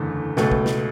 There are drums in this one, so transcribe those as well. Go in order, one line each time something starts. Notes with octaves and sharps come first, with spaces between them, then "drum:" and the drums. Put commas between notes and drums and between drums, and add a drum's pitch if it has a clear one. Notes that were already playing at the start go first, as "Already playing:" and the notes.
Already playing: F#1 E2 D3 A3
C#2 B2 A3, drum: snare
drum: kick
drum: snare